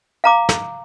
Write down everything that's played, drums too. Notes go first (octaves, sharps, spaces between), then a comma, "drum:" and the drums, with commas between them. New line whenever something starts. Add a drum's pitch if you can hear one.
F5 A#5 D6
drum: snare